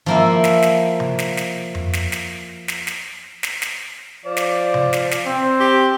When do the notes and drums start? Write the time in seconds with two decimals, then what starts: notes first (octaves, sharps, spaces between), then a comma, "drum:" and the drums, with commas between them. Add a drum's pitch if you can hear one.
0.06 F3 A#3 E4
0.44 drum: snare
0.62 drum: snare
1.00 drum: tom C3
1.19 drum: snare
1.37 drum: snare
1.75 drum: tom F2
1.93 drum: snare
2.12 drum: snare
2.68 drum: snare
2.87 drum: snare
3.43 drum: snare
3.62 drum: snare
4.25 F3 D5
4.37 drum: snare
4.74 drum: tom C3
4.93 drum: snare
5.11 drum: snare
5.26 C4
5.60 G4